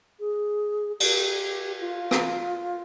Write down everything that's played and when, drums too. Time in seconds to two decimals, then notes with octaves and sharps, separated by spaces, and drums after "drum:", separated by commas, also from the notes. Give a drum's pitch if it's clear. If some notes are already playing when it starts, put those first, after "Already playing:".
0.20 G#4
1.00 G4, drum: cymbal
1.80 F4
2.11 drum: rim click